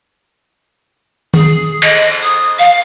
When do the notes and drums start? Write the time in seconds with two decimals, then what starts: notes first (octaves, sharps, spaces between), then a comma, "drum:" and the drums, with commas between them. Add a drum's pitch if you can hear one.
1.34 G#4, drum: tom D#3
1.82 D#5, drum: cymbal
2.22 D#6
2.59 F5